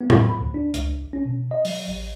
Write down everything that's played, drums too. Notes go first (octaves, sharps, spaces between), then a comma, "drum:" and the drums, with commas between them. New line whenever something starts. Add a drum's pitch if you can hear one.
B3
drum: tom A2
B5
D2
D4
C#2, drum: hi-hat
A#1
C#4
B2
D#5
F#3, drum: open hi-hat
A1